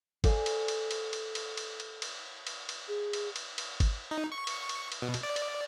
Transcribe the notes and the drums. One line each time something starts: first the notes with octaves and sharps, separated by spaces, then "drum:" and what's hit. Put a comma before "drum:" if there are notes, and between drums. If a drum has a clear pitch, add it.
A4 C5 D5 F5 G#5, drum: kick G#1, cymbal
drum: cymbal
drum: cymbal
drum: cymbal
drum: cymbal
drum: cymbal
drum: cymbal
drum: cymbal
drum: cymbal
drum: cymbal
drum: cymbal
G#4
drum: cymbal
drum: cymbal
drum: cymbal
drum: kick G#1, cymbal
D#4
C#6
drum: cymbal
drum: cymbal
drum: cymbal
B2
drum: cymbal
D5
drum: cymbal